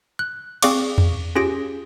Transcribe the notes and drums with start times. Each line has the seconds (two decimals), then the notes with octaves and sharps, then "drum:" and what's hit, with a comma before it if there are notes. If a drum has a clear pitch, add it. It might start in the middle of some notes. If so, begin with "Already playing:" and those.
0.19 F#6
0.62 C4 G#4 D5 F5 C#6 D6, drum: cymbal
0.98 drum: tom E2
1.35 C#4 F4 G4 G#4 A#6 D7